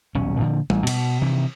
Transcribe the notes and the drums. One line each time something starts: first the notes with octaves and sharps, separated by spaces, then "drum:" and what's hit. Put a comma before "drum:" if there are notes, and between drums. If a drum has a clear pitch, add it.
D#1 B1 C#4
A#2 D3 F3
A1, drum: tom
B2, drum: cymbal
C3 D#3 E3